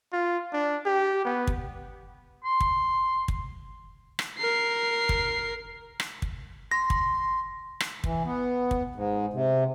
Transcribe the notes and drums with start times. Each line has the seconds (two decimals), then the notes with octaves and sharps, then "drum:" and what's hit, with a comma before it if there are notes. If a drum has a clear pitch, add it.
0.13 F4
0.53 D4
0.85 G4
1.25 B3
1.47 drum: kick
2.44 C6
2.60 drum: kick
3.28 drum: kick
4.19 drum: rim click
4.38 A#4 C7
5.09 drum: kick
6.00 drum: rim click
6.22 drum: kick
6.71 C6 A#6
6.90 drum: kick
7.80 drum: rim click
8.04 E3, drum: kick
8.25 B3
8.71 drum: kick
8.95 G#2
9.34 C3